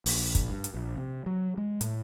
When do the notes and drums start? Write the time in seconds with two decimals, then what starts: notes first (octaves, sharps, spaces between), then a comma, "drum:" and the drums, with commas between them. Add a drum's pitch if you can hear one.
0.06 A#1, drum: open hi-hat
0.35 drum: kick, hi-hat
0.50 G2
0.64 drum: hi-hat
0.74 A#1
0.97 C3
1.26 F#3
1.58 G#3
1.81 A2, drum: hi-hat